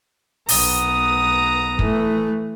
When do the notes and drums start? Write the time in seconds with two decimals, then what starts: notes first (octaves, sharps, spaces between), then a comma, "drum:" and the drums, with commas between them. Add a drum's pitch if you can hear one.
0.49 B1 B3 A#5 D#6, drum: open hi-hat
1.79 E3 A3, drum: kick